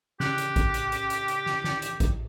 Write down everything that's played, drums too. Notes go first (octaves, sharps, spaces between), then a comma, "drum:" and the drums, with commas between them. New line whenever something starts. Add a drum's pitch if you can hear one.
C#3 G4 F#6, drum: snare
drum: hi-hat
drum: kick A1, hi-hat
drum: hi-hat
drum: hi-hat
drum: hi-hat
drum: hi-hat
drum: snare
drum: snare
drum: hi-hat
drum: kick A1, hi-hat